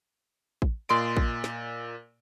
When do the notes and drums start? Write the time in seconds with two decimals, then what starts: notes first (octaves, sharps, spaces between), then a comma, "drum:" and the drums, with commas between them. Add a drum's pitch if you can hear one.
0.62 drum: kick A1
0.89 A#2 D5 D#5 C6 D7
1.17 drum: kick A1
1.44 drum: snare